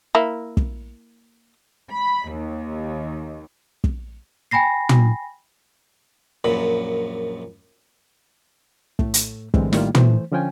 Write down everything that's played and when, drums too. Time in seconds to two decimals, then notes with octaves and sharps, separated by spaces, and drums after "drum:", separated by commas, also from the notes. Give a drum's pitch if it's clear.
0.15 A#3 E4
0.57 drum: kick
1.93 B5
2.30 D#2
3.84 drum: kick
4.51 G5 G#5 B5 A#6 C7
4.89 drum: tom
6.44 A#1 F#2 A#2 B5
8.99 A2 A3, drum: kick
9.14 drum: hi-hat
9.54 A2 D3 E3 G3 G#3 C4, drum: kick
9.73 A2 D#3 G3 A#3 F4, drum: snare
9.95 E3 A3 C5, drum: tom
10.32 D3 F3 C#4 F4 G5 G#5